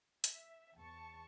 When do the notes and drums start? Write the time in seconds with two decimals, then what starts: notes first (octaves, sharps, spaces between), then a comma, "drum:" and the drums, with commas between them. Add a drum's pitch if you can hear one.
0.24 E5, drum: hi-hat
0.76 E2 A5 C#6